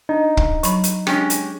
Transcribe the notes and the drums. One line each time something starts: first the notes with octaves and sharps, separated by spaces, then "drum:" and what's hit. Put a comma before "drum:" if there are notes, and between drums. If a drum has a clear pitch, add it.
D4 D#4
drum: kick
F#3 B5 C#6, drum: hi-hat
drum: hi-hat
G#3 C#4 D4 G4, drum: rim click
drum: hi-hat